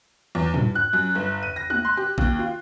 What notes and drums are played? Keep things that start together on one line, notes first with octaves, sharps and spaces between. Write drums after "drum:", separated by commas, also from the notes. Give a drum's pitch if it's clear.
E2
G2, drum: tom
F#6
F#2
G1
D#7
A#6
F#6, drum: tom
C6
G4
D#2, drum: kick
F4